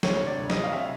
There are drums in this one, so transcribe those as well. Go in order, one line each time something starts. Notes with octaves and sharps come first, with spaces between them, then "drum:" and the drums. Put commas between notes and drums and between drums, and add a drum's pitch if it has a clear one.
D2 C#5, drum: snare
C3
D5
D2
D#5, drum: snare
D2
F5
C3 E5